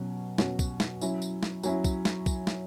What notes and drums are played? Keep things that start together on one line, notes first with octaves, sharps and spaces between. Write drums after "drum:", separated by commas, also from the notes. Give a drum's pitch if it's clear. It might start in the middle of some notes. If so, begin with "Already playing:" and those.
Already playing: B2 F#3 C#4 F#4
B2 F#3 C#4 F#4, drum: snare
drum: kick, tambourine
drum: snare
F#3 C#4 E4, drum: tambourine
drum: tambourine
drum: snare
F#3 C#4 E4, drum: tambourine
drum: kick, tambourine
drum: snare
drum: kick, tambourine
drum: snare